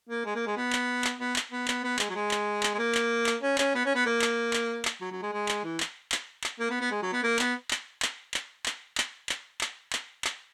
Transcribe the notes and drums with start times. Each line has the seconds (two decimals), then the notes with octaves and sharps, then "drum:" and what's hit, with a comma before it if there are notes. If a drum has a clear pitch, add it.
0.09 A#3
0.25 G#3
0.35 A#3
0.46 G#3
0.57 B3
0.73 drum: clap
1.04 drum: clap
1.20 B3
1.36 drum: clap
1.51 B3
1.68 B3, drum: clap
1.84 B3
1.99 G#3, drum: clap
2.10 F#3
2.15 G#3
2.31 drum: clap
2.63 drum: clap
2.74 G#3
2.78 A#3
2.95 drum: clap
3.26 drum: clap
3.42 C#4
3.58 C#4, drum: clap
3.75 B3
3.85 C#4
3.95 B3
4.06 A#3
4.22 drum: clap
4.53 drum: clap
4.85 drum: clap
5.01 F#3
5.12 F#3
5.22 G#3
5.32 G#3
5.49 drum: clap
5.64 E3
5.80 drum: clap
6.12 drum: clap
6.44 drum: clap
6.60 A#3
6.70 B3
6.81 B3
6.91 G#3
7.02 F#3
7.13 B3
7.23 A#3
7.39 B3, drum: clap
7.71 drum: clap
8.02 drum: clap
8.34 drum: clap
8.66 drum: clap
8.98 drum: clap
9.29 drum: clap
9.61 drum: clap
9.93 drum: clap
10.24 drum: clap